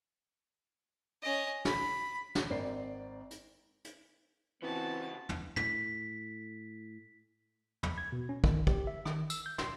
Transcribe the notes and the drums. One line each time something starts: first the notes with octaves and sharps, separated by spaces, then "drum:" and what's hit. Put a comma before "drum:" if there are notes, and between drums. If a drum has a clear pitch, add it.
C#4 D#5
B5, drum: snare
drum: snare
G#1 C4 A#4 D5 C7
drum: hi-hat
drum: hi-hat
C#3 E3 B3 C4 F#4 A5
drum: tom
A2 B6, drum: tom
B5, drum: tom
G#6
B2
C#4
D#3, drum: kick
G4, drum: kick
E5
D#3, drum: rim click
E6, drum: tambourine
G6
C6, drum: snare